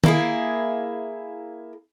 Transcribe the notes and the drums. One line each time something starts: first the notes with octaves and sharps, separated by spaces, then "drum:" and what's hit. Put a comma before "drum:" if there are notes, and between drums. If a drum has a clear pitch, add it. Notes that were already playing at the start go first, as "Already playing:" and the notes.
A#3 E4 G#4, drum: tom D#3